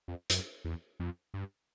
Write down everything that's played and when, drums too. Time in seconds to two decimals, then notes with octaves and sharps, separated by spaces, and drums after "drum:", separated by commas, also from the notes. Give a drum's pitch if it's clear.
0.08 F2
0.30 F#2, drum: hi-hat
0.64 E2
1.00 F2
1.34 G2